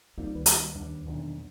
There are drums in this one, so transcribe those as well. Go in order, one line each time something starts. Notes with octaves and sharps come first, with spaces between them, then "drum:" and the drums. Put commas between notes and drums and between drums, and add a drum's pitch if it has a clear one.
G3 A#3 C4 D#4 F4
D2 D#3 B4
drum: hi-hat
D#2 G3 D4
B1 E2 A#2 D#3 D4